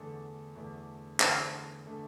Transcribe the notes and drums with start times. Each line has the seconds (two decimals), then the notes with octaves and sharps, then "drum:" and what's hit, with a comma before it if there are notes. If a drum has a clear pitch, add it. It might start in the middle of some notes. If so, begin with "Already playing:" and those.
Already playing: E2 D3 A3 D4 A4
0.55 E2 D3 A3 D4 A4
1.20 E2 D3 A3 D4 A4, drum: clap
1.86 D3 A3 D4 A4